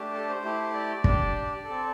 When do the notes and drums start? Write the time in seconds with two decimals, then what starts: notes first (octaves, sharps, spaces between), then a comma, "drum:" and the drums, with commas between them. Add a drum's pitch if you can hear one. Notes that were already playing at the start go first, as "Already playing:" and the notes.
Already playing: A3 D4 G4
0.14 A4
0.29 C5
0.43 A3 E4 G4
0.74 D5
1.04 D4 G4, drum: kick
1.64 A4
1.70 C4